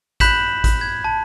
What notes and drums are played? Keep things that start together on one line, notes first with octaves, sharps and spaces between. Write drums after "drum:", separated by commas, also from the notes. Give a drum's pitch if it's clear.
B5 F#6 G6 B6 E7 F#7, drum: kick, hi-hat
drum: kick, hi-hat
G#6
A5